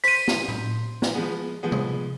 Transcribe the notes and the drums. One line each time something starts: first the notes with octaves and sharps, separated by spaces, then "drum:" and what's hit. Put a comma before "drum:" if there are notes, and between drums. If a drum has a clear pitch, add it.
C5 C6 B6 D#7, drum: open hi-hat
drum: snare
drum: tom A2
drum: snare
F3 G#3 B3
F3 G#3 B3
drum: tom